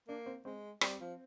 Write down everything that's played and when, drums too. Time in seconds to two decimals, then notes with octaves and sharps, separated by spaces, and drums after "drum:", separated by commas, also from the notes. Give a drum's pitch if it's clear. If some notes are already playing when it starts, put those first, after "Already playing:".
0.08 A#3 D4
0.26 C4
0.45 G#3 C4
0.81 G3 C4, drum: rim click
1.01 F3